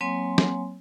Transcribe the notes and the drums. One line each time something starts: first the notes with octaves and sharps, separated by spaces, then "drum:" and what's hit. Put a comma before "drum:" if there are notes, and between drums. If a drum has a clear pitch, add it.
F#3 A#3 C4 C#5 G#5 C6
drum: snare